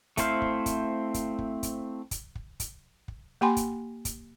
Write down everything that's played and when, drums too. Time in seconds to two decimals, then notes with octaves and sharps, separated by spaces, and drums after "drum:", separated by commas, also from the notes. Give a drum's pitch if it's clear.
0.17 A3 C4 E4 C5 F5, drum: kick, hi-hat
0.42 drum: kick
0.66 drum: kick, hi-hat
1.14 drum: kick, hi-hat
1.39 drum: kick
1.63 drum: kick, hi-hat
2.11 drum: kick, hi-hat
2.35 drum: kick
2.60 drum: kick, hi-hat
3.08 drum: kick
3.41 A#3 G4 G5 G#5 B5 C6
3.56 drum: kick, hi-hat
4.05 drum: kick, hi-hat